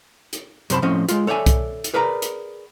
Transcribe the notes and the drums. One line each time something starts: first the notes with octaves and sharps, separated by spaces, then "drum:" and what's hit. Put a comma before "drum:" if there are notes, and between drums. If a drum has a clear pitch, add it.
drum: hi-hat
F#2 C3 C5 A5 B5, drum: hi-hat
A2 F3 C4 C#4 D#5
G#3 F4, drum: hi-hat
A4 C#5 D5 E5 G#5
drum: kick C2, hi-hat
drum: hi-hat
G#4 A#4 B4 D5 F#5 A#5
drum: hi-hat